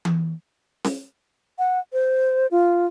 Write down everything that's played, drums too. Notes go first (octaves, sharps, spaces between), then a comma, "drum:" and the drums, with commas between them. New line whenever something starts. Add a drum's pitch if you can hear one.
drum: tom E3
drum: snare C#4
F#5
C5
F4